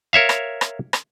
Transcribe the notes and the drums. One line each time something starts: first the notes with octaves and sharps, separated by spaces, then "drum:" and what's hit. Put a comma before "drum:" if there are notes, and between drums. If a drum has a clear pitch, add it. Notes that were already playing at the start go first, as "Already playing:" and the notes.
A#4 C#5 E5 F5
drum: rim click
drum: rim click
drum: rim click